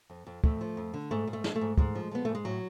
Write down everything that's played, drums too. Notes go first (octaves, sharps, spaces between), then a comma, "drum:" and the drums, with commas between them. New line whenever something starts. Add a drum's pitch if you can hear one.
F2
F2
F2 A3, drum: kick
F3
F2
D3
G#2 A3
G#2
A3
F3, drum: snare
A3
G#2
G#2 G#3, drum: kick
F3
F3 B3
G#2 A3
G#3
A2 F#3